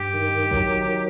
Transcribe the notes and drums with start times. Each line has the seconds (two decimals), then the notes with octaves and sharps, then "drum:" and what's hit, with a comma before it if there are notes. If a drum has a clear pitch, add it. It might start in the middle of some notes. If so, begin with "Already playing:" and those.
Already playing: G2 G4
0.14 D#3
0.51 F#3, drum: kick A1
0.88 D#3